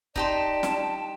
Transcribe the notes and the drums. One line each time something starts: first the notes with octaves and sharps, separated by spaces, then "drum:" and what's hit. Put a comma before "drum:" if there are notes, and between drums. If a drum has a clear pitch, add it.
D#4 G4 D5 A5 C6, drum: kick C#1
drum: snare